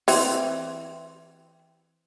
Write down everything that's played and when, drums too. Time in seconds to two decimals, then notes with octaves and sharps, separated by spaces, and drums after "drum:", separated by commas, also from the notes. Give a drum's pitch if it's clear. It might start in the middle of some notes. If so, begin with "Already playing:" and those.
0.08 E3 C4, drum: open hi-hat